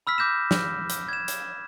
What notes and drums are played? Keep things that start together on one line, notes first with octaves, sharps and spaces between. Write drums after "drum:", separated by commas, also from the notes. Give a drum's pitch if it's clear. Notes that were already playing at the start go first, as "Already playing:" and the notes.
B5 E6 F6 B6
D6 G6 A#6 E7
drum: snare
drum: hi-hat
G#6 E7
drum: hi-hat